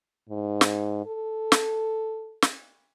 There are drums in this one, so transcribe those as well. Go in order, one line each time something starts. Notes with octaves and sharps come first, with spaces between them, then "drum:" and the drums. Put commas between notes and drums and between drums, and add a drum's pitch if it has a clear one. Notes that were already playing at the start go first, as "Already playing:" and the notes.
G#2
drum: snare
A4
drum: snare
drum: snare